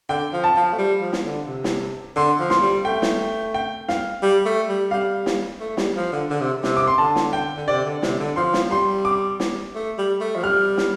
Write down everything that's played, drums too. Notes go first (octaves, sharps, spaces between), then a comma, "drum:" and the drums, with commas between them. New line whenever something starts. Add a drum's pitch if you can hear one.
D3 G5
F3
A5
F3
A3
G3
F3
drum: snare
D3
C3
drum: snare
D3 C6
F3
C6, drum: snare
G3
A3 G5
drum: snare
G5
F5, drum: snare
G3
A3
G3
G3 F5
drum: snare
A3
G3, drum: snare
F3
D3
D3
C3
C3, drum: snare
D6
C6
D3 A5
drum: snare
G5
D3
C3 D5
D3
C3, drum: snare
D3
F3 C6
drum: snare
G3 C6
D6
drum: snare
A3
G3
A3
F3
G3 F6
drum: snare